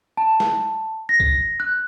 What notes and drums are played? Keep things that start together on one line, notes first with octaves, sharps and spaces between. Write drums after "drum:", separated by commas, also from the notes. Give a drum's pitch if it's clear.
A5
drum: snare
A#6
drum: kick C2
F#6